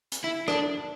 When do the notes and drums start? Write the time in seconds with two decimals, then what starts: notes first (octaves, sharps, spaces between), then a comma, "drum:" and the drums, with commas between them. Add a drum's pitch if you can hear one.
0.12 drum: hi-hat
0.24 E4
0.48 D4, drum: rim click